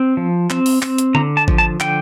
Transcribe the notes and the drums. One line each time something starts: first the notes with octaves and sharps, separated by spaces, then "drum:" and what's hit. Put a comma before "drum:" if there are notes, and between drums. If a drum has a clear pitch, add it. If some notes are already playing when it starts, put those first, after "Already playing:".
Already playing: C4
F3
C4, drum: clap
drum: open hi-hat
C4, drum: clap
drum: hi-hat
D3 A#5, drum: tom D3
A5
F3, drum: kick G#1
A5
D3 G5, drum: clap